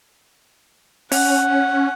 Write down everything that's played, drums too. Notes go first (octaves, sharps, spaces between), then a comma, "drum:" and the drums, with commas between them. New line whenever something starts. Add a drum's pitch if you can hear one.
C#4 F#5, drum: open hi-hat